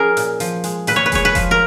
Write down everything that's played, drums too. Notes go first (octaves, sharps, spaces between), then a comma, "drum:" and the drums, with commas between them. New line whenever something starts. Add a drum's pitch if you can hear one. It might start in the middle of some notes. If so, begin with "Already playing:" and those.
Already playing: F3 C#4 G#4 A#4
A#2, drum: hi-hat
F3, drum: hi-hat
G#3, drum: hi-hat
A#2 B4, drum: hi-hat
C#5
B4
G#3 C#5, drum: kick F1, hi-hat
B4
F3, drum: kick F1, hi-hat
A#4